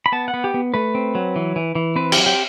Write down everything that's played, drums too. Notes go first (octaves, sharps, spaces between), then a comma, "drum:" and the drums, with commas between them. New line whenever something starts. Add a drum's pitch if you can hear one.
B5
B3 A5
F#5
B3
G4
B3
A3 B4
C4
F#3
E3
E3
E3
C4 B4
F#3 G4, drum: cymbal
G4